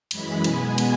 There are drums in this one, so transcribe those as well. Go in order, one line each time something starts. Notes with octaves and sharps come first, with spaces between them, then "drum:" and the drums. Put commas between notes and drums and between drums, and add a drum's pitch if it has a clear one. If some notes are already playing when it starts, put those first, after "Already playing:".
F#2 E3 G#3 B5, drum: cymbal
B2 G#3 B3 G#5, drum: cymbal
drum: cymbal